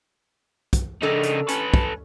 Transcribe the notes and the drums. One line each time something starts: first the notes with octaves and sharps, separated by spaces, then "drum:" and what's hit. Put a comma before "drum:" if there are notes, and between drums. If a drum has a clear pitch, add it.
drum: kick, hi-hat
C#3 D4 D#4 A4 A#4
drum: hi-hat
C#4 A4 B4, drum: hi-hat
drum: kick